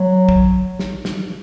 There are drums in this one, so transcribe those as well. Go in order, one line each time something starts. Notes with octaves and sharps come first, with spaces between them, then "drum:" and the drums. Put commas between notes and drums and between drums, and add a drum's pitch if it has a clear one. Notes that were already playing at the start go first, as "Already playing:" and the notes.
Already playing: F#3
drum: kick
drum: snare
drum: snare